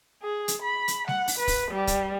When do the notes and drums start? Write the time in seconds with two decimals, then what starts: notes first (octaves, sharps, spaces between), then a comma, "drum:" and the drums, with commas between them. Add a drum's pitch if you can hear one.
0.23 G#4
0.48 drum: hi-hat
0.62 B5
0.88 drum: hi-hat
1.08 F#5, drum: snare G3
1.28 drum: open hi-hat
1.38 B4
1.47 drum: kick, open hi-hat
1.71 G3
1.87 drum: kick, hi-hat